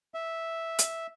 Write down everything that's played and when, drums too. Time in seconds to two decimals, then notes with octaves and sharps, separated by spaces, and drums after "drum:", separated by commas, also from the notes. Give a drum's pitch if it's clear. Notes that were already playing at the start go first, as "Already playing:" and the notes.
0.14 E5
0.79 drum: hi-hat